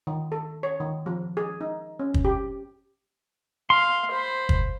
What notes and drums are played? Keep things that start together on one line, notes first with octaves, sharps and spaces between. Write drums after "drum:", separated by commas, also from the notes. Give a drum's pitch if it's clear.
D#3
A4
C#5
D#3
F3
G#4
D#4
C#4
drum: kick
G4
F5 C6
C5 B5
drum: kick